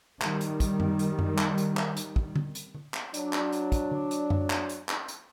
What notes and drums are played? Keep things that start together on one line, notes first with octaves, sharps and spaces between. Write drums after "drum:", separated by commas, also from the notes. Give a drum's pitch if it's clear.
D#3 G3, drum: clap
drum: hi-hat
drum: kick, hi-hat
drum: tom F#2
drum: hi-hat
drum: tom F#2
drum: clap
drum: hi-hat
drum: clap
drum: hi-hat
drum: kick
drum: tom D3
drum: hi-hat
drum: tom D3
drum: clap
F#3 D4, drum: hi-hat
drum: clap
drum: hi-hat
drum: kick, hi-hat
drum: tom D3
drum: hi-hat
drum: tom F#2
drum: clap
drum: hi-hat
drum: clap
drum: hi-hat